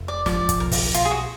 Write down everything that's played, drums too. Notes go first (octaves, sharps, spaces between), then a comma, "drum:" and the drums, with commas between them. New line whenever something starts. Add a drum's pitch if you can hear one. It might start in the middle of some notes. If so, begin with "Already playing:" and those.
Already playing: F1
D5
F3 D5, drum: snare
drum: kick, hi-hat
B1 A#4
drum: kick, open hi-hat
B1 F4, drum: hi-hat
G#4
F#4